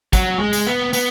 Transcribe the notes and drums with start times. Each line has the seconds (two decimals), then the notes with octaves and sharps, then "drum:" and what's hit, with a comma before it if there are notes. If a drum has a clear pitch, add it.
0.13 F#3, drum: kick, tambourine
0.40 G#3
0.53 drum: tambourine
0.67 B3
0.93 B3, drum: tambourine